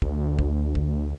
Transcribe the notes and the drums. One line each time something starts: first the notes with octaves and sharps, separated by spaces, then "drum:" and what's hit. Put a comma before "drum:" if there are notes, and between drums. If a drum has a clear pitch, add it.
D2, drum: kick
drum: kick
drum: kick